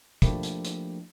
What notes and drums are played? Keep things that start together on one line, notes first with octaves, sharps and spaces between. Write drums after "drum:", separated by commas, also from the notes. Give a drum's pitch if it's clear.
F3 A3 A#3 D4 E4 G4, drum: kick, hi-hat
drum: hi-hat
drum: hi-hat